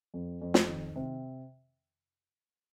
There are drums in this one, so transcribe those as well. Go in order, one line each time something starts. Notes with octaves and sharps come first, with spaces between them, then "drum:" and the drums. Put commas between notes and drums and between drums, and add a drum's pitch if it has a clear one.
F2
F2
drum: snare
D#3
C3